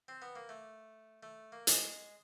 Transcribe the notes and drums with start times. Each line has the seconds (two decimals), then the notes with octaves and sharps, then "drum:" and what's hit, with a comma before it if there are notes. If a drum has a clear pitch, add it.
0.08 C4
0.22 B3
0.36 A#3
0.49 A3
1.23 A3
1.52 A#3
1.67 G#3, drum: hi-hat